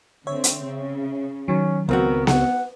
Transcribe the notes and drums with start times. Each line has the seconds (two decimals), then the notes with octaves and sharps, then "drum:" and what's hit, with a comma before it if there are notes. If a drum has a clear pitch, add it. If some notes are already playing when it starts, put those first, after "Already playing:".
0.27 D3 C4 C#5 E5
0.44 drum: hi-hat
0.65 C#3
1.48 D#3 F#3 C#4
1.89 C#2 B3 C4 F#4 A#4
2.27 F#5, drum: snare B3